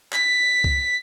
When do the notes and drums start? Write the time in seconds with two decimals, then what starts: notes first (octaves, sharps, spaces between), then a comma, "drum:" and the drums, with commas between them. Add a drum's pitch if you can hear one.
0.13 B6, drum: clap
0.64 drum: kick C#2